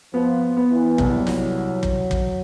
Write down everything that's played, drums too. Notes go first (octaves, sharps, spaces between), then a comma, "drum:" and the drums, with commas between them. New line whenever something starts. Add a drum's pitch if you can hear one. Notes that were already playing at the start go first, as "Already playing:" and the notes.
F3 B3
B3
E3
C2 F#3, drum: kick
drum: snare
drum: kick
drum: kick